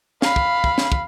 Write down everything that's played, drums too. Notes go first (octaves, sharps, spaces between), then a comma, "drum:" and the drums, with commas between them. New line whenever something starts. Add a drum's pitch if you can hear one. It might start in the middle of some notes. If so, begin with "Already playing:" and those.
F5 B5, drum: snare
drum: kick
drum: kick
drum: snare
drum: kick